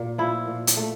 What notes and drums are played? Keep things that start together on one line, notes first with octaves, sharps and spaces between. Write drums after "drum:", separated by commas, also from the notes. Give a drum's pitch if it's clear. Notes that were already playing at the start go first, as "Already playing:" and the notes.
Already playing: A#2
F3 E4
A#2
drum: hi-hat
A3